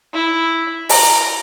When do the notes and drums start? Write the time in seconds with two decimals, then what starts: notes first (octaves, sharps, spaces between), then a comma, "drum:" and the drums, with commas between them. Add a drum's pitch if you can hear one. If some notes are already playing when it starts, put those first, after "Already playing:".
0.14 E4
0.89 A#5, drum: open hi-hat